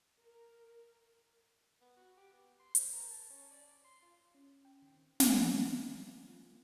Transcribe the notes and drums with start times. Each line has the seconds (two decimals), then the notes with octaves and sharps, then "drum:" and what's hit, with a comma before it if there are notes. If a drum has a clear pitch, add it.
0.21 A#4
1.81 B3
1.97 F#4
2.17 G4
2.33 B3
2.60 C6
2.75 C5, drum: hi-hat
2.93 A#4
3.11 A5
3.30 C#4
3.51 D5
3.84 C6
4.02 F4
4.35 C#4
4.65 G5
4.82 D#3
4.94 C4
5.20 F3, drum: snare
5.43 G#3
5.64 E5
5.93 F3
6.26 F4
6.41 A#3